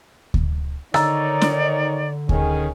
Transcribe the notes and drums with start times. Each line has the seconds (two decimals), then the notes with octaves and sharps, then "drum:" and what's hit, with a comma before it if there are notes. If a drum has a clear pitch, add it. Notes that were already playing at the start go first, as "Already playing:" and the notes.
0.34 drum: kick D2
0.94 D3 D#3 D#4 C#5 D5 A#5 E6 A6, drum: rim click
1.42 drum: snare
2.29 D#3 C#4 G#4, drum: kick D2